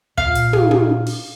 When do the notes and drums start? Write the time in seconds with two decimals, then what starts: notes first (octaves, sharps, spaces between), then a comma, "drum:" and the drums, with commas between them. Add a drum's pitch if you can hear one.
0.18 A#2 F5, drum: kick
0.35 drum: hi-hat
0.53 drum: tom
0.71 drum: tom
1.06 drum: open hi-hat